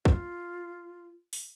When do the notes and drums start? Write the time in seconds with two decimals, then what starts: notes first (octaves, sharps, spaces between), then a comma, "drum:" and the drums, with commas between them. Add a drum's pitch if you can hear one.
0.05 F4, drum: kick
1.33 drum: open hi-hat